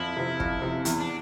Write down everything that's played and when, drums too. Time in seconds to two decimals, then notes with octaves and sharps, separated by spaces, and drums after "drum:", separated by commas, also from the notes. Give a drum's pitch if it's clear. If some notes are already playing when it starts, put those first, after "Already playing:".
Already playing: F2 E4
0.16 C3 F3
0.40 F2, drum: kick
0.62 C3 F3
0.85 E2, drum: hi-hat
1.00 D4